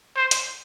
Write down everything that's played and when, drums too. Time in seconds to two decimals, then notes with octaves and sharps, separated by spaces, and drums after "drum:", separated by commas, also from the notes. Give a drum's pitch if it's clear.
0.17 C5
0.31 drum: hi-hat